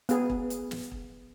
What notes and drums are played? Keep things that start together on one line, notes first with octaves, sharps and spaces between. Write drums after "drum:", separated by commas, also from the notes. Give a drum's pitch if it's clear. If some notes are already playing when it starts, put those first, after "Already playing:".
B3 G#4, drum: hi-hat
drum: kick
drum: hi-hat
drum: snare
drum: kick